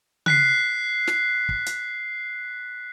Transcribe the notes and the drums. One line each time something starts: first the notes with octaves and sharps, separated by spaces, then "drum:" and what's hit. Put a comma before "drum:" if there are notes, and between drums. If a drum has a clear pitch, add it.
F#6 B6 C7, drum: tom C#3
drum: snare
drum: kick
drum: hi-hat